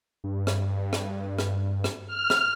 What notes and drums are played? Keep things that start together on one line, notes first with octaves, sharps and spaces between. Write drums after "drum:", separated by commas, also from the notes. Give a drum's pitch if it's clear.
G2
drum: rim click
drum: rim click
drum: rim click
drum: rim click
F6
drum: rim click